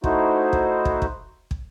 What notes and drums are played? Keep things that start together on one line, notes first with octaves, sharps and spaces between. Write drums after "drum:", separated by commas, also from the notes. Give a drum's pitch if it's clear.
A3 D#4 E4 F#4 C5, drum: kick
drum: kick
drum: kick
drum: kick
drum: kick